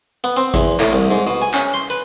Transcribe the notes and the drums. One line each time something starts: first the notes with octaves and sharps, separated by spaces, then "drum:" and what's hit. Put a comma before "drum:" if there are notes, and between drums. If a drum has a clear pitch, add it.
B3
C4
E2, drum: kick G#1, hi-hat
A2, drum: clap
C2
G#2
B2
G#5
C#4, drum: clap
C6
B4